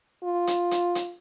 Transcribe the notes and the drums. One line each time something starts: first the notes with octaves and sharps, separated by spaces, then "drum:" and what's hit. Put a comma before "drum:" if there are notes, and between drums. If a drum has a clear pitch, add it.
F4
drum: hi-hat
drum: hi-hat
drum: hi-hat